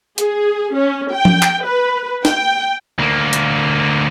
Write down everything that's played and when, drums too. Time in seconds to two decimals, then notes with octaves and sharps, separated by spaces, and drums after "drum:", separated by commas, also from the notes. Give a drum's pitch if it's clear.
0.18 G#4, drum: hi-hat
0.75 C#4
1.14 G5
1.25 drum: tom F3
1.43 drum: clap
1.65 B4
2.25 G5, drum: snare
2.99 D2 A#3
3.33 drum: hi-hat